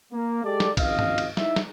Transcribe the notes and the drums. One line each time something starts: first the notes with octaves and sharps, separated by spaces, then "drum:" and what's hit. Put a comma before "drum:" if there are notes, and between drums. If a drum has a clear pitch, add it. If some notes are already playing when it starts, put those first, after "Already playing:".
A#3
G#3 G4 A4 D5
drum: snare
G#1 C#2 F3 D#5 F5, drum: kick, cymbal
drum: tom G2
drum: cymbal
D#4 E4 E5, drum: snare
drum: snare